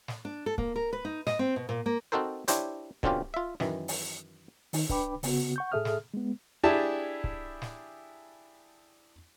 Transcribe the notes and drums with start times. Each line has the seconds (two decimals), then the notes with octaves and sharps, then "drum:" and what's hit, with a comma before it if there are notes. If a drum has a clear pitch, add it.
0.08 drum: snare
0.25 D4
0.46 A4
0.58 A#3, drum: kick C#1
0.76 A#4
0.93 B4
1.05 D#4
1.27 D#5, drum: snare
1.39 C4
1.56 B2
1.69 A#2
1.86 A#3
2.12 C4 D#4 F#4 A4 A#4 C5
2.48 D4 E4 G4 C5 C#5, drum: hi-hat
3.03 B2 D3 C4 C#4 F4 G4, drum: kick C#1
3.34 F4 E5
3.60 F#2 D#3 E3, drum: snare
3.88 drum: open hi-hat
4.73 D#3 D#4, drum: open hi-hat
4.89 D4 B4 G5 B5 D6, drum: kick C#1
5.23 C#3 B3 F#4, drum: open hi-hat
5.56 F#5 C#6 G6
5.72 A2 G#4 A4 E5 D#6 F6
5.85 drum: snare
6.14 G#3 B3
6.63 D4 E4 G4 G#4 E5 A5
7.24 drum: kick C#1
7.62 drum: snare